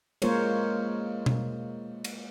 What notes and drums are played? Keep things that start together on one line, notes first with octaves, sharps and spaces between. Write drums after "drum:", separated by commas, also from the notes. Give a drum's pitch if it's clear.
G#3 A#3 F4 A#4 C5 C#5, drum: cymbal
drum: tom B2
drum: cymbal